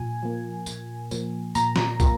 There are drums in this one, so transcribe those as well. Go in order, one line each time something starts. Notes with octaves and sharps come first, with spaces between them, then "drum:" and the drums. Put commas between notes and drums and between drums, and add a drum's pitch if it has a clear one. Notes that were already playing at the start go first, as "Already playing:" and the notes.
Already playing: A#2 F3 G#5
F3 A#3
A#2, drum: tambourine
F3 A#3, drum: tambourine
A#2 A#5, drum: tambourine
A#5, drum: snare
F3 A#3, drum: kick, tambourine